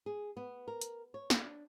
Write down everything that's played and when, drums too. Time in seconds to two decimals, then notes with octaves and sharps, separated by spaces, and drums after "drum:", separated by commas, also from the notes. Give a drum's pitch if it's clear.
0.06 G#4
0.37 B3
0.68 A#4
0.82 drum: hi-hat
1.14 C#5
1.30 D4, drum: snare